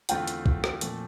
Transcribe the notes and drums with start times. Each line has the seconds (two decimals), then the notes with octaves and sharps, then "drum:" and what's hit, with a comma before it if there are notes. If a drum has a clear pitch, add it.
0.09 E2 D3 A3 C4 F4 G5, drum: hi-hat
0.28 drum: hi-hat
0.46 drum: kick
0.64 drum: rim click
0.81 A#2 F3 A3 C4, drum: hi-hat